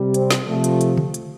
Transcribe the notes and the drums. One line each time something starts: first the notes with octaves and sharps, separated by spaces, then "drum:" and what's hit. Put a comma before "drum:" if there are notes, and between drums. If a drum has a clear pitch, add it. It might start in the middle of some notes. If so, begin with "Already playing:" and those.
Already playing: C3 G3
C4, drum: hi-hat
drum: snare
C3 F3 A3
drum: hi-hat
drum: hi-hat
drum: tom C#3
drum: hi-hat